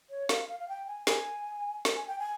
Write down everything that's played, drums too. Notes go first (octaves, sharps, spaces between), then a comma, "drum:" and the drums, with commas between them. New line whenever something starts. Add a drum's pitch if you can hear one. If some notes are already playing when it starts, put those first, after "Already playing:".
C#5
F5, drum: snare
F5
F5
G5
G#5
G#5, drum: snare
drum: snare
G#5
G5
G#5